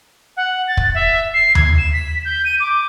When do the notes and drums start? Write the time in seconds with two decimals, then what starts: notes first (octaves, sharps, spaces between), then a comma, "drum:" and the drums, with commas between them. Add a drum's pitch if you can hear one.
0.36 F#5
0.67 A6
0.77 drum: kick
0.94 E5
1.33 C7
1.55 G#6, drum: tom D#2
1.77 E7
1.93 B6
2.25 G6
2.44 D#7
2.60 D6